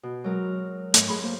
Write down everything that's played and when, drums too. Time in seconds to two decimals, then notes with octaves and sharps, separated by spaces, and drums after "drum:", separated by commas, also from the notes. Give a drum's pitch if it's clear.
0.03 B2
0.24 F#3 G#3 A#4
0.94 G#2 A3, drum: hi-hat
1.08 G#4 B5 C6
1.23 A#3 C5